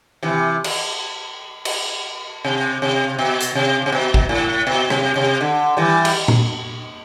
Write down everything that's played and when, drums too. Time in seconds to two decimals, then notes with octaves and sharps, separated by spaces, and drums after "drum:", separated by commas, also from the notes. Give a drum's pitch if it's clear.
0.22 C3 E3
0.64 drum: cymbal
1.65 drum: cymbal
2.44 C3
2.82 C3
3.19 B2
3.41 drum: hi-hat
3.55 C3
3.86 C3
3.92 B2
4.14 drum: kick G#1
4.29 A2
4.67 B2
4.90 C3, drum: rim click
5.16 C3
5.41 D3
5.77 E3 G3
6.05 drum: cymbal
6.28 drum: tom A#2